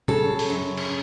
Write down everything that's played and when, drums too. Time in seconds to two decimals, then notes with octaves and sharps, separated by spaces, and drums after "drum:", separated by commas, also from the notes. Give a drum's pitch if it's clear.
0.08 C#3 A4, drum: tom
0.39 drum: open hi-hat
0.50 F#2
0.77 drum: cymbal